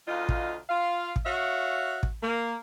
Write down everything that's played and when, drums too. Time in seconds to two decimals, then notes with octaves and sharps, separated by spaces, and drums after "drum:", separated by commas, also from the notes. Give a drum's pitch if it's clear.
0.07 D2 D#4 F4 D#5 F5
0.29 drum: kick
0.69 F4 F5
1.16 drum: kick
1.25 F#4 C#5 E5 F5
2.03 drum: kick
2.23 A#3